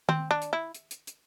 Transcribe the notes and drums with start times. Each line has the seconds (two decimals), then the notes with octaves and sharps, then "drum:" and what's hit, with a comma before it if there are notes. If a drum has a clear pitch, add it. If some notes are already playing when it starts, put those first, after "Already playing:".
0.09 C4, drum: tom D#3
0.31 D4
0.42 drum: hi-hat
0.53 E4
0.75 drum: hi-hat
0.91 drum: hi-hat
1.07 drum: hi-hat